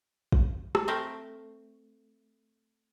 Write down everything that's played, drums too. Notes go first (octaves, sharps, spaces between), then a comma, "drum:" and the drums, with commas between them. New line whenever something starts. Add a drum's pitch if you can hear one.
drum: kick
drum: rim click
A3 C4 A#4